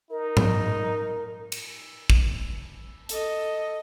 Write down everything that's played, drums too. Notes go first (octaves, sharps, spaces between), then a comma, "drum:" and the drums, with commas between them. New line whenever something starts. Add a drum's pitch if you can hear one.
D#4 A#4
drum: tom G#2
drum: cymbal
drum: kick
A4 D#5, drum: hi-hat